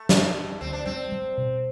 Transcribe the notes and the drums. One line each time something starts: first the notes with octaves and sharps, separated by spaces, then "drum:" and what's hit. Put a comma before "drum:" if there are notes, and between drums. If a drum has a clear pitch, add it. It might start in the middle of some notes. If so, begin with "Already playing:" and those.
Already playing: A3
G3, drum: snare
D4
D2 C4
D4
G3 C4
G3
B2